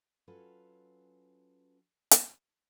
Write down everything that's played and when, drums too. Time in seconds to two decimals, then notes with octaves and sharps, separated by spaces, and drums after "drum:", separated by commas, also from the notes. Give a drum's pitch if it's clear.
0.27 F#3 C#4 F4 A4 B4
2.11 drum: hi-hat